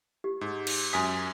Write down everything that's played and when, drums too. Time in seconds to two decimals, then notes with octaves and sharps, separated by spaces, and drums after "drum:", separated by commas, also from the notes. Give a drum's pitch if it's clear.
0.24 G4
0.41 G#2
0.67 drum: cymbal
0.93 F#2 G#5 D#6 B6